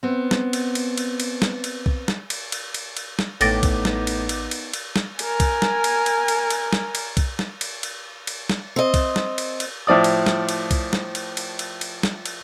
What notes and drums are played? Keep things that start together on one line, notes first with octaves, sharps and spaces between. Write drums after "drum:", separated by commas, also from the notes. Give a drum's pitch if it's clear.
B3 C4
drum: snare
drum: cymbal
drum: cymbal
drum: cymbal
drum: cymbal
drum: snare
drum: cymbal
drum: kick B1
drum: snare
drum: cymbal
drum: cymbal
drum: cymbal
drum: cymbal
drum: snare
A1 A2 B3 D#4 G5 D6 A6 A#6, drum: cymbal
drum: kick B1, cymbal
drum: snare
drum: cymbal
drum: cymbal
drum: cymbal
drum: cymbal
drum: snare
A#4 G#5, drum: cymbal
drum: kick B1, cymbal
drum: snare
drum: cymbal
drum: cymbal
drum: cymbal
drum: cymbal
drum: snare
drum: cymbal
drum: kick B1, cymbal
drum: snare
drum: cymbal
drum: cymbal
drum: cymbal
drum: snare
C4 D#5
drum: kick B1, cymbal
drum: snare
drum: cymbal
drum: cymbal
A2 F3 D5 D#6
drum: cymbal
drum: snare
drum: cymbal
drum: kick B1, cymbal
drum: snare
drum: cymbal
drum: cymbal
drum: cymbal
drum: cymbal
drum: snare
drum: cymbal